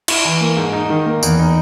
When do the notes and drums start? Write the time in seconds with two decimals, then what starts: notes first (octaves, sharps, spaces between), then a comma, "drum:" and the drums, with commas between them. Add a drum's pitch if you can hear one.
0.08 E4, drum: cymbal
0.25 E3
0.41 A#3
0.57 G#2
0.73 D#4
0.90 D#3
1.06 A#3
1.23 E2, drum: tambourine
1.39 D#4